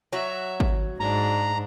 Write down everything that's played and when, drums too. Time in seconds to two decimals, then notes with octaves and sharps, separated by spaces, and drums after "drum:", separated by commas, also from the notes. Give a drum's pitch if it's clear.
0.13 F#3 F#4 E5
0.60 drum: kick G#1
1.00 G#2 D4 A#5